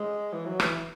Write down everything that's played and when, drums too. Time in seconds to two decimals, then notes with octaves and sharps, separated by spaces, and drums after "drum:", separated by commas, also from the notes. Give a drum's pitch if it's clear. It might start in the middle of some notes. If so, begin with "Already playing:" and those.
Already playing: G#3
0.33 E3
0.46 F#3
0.60 E3, drum: rim click